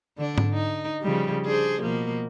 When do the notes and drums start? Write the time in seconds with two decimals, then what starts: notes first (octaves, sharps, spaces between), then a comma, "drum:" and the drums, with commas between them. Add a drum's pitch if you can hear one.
0.17 D3 D4
0.38 drum: tom G#2
0.53 D#4
1.02 C#3 F3 G3
1.45 D4 G#4 C5
1.82 B2 F3 A#3